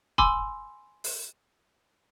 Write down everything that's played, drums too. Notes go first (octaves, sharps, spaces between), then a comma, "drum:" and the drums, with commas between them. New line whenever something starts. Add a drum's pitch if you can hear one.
G#5 B5 C6 D6 E6, drum: kick
drum: open hi-hat